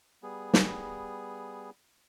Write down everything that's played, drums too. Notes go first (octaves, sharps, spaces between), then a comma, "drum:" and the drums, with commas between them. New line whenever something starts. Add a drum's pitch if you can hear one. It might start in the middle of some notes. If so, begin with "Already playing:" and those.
G3 B3 G#4
drum: snare